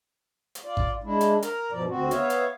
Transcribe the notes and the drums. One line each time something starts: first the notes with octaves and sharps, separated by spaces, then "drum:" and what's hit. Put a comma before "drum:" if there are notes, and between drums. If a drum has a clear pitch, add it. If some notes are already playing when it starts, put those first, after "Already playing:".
drum: hi-hat
F4 D5
drum: kick
G#3 D4 E4
drum: hi-hat
A#4 A#5, drum: hi-hat
G2 B2 F3 D5
D2 C4 F#4
B3 C#5 E5 F5, drum: hi-hat
drum: hi-hat